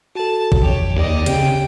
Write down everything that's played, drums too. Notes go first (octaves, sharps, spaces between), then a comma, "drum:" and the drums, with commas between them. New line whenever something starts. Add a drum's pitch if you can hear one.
F#4 A4 A5
drum: kick G#1
G#1 F2 G4 C#5
D#2 D5 D#5
C#3 C4 G4 G5, drum: hi-hat